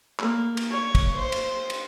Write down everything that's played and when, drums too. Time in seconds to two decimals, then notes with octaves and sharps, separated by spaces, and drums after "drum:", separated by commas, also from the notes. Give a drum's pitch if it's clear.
0.20 A#3, drum: clap
0.57 drum: cymbal
0.71 C#5
0.95 drum: kick, cymbal
1.16 C5
1.32 drum: cymbal
1.70 drum: cymbal